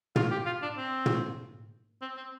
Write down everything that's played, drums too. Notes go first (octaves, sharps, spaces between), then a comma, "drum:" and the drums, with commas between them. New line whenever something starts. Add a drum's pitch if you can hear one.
F4, drum: tom
G4
F4
D4
C4
drum: tom
C4
C4